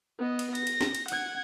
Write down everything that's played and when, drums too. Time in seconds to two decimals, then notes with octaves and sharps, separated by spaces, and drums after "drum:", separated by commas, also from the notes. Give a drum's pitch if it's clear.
0.19 B3 D#5
0.39 drum: cymbal
0.55 A#6, drum: cymbal
0.67 drum: cymbal
0.81 drum: snare
0.95 drum: cymbal
1.08 F#5 G#6, drum: cymbal